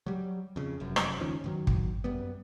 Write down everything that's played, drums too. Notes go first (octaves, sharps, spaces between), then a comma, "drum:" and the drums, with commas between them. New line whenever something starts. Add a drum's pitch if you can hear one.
F#3 G3
F2 C#3
F1 F#2
drum: rim click
C#2 D#3 F3 C#4
G2 D#3 F#3
drum: kick
F#2 G3 B3